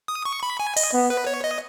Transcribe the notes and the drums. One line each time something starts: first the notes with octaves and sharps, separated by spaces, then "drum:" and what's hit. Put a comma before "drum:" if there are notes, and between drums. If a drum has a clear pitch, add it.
D#6
C#6
B5
G#5
D#5, drum: open hi-hat
B3
B4
C#5
D#5